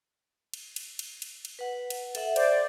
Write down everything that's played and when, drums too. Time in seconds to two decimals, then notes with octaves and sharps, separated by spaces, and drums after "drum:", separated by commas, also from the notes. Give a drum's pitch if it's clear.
0.53 drum: cymbal
0.76 drum: cymbal
0.99 drum: cymbal
1.22 drum: cymbal
1.45 drum: cymbal
1.59 B4 F#5
1.90 drum: cymbal
2.15 A4 E5 F#5, drum: cymbal
2.36 C5 D5, drum: cymbal